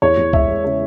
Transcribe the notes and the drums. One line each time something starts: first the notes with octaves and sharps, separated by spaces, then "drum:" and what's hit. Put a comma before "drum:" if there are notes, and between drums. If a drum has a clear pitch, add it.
E2 C#5
E2
G#3 E5, drum: kick C#2
G#3
C#3 C#5